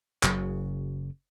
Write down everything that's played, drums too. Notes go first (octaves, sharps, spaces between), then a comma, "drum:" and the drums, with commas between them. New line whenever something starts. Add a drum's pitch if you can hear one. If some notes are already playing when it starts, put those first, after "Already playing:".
F#1 C#3 F#3, drum: clap